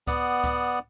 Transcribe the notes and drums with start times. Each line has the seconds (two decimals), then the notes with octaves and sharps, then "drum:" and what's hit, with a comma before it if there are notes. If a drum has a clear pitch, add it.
0.07 B3 D5 F#5 D#6, drum: kick C#2, hi-hat
0.44 drum: kick C#2, hi-hat